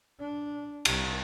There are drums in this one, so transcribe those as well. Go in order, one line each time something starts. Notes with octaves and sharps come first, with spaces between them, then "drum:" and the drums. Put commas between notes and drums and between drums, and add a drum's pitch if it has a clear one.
D4
C2, drum: cymbal